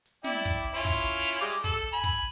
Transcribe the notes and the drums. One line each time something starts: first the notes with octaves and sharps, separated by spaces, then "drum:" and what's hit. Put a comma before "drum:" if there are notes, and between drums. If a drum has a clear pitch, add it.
drum: hi-hat
E4 D5 G5, drum: snare
drum: kick, hi-hat
C#4 E4 F4
drum: kick, hi-hat
drum: hi-hat
drum: hi-hat
G3 G#3 D6
A4, drum: kick, hi-hat
G#5 B5
drum: kick, hi-hat